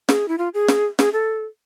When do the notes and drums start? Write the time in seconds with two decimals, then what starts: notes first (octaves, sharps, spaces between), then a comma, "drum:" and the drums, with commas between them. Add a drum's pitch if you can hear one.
0.09 G#4, drum: snare
0.28 E4
0.38 F4
0.54 G#4
0.68 drum: snare
0.99 G#4, drum: snare
1.13 A4